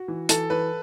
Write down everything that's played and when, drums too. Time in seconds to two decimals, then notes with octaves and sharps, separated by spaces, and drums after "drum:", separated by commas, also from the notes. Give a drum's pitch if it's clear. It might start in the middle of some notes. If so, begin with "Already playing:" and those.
Already playing: F#4
0.08 E3
0.29 E3 A4, drum: hi-hat
0.50 E3 B4